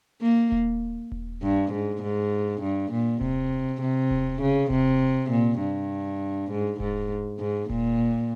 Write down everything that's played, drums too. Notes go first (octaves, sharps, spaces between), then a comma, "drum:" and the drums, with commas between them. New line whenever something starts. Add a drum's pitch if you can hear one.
A#3
drum: kick D#1
drum: kick D#1
G2
G#2
G#2
G2
A#2
C3, drum: kick D#1
C3
drum: kick D#1
C#3
C3, drum: kick D#1
A#2
G2
G#2
G#2, drum: kick D#1
G#2
A#2, drum: kick D#1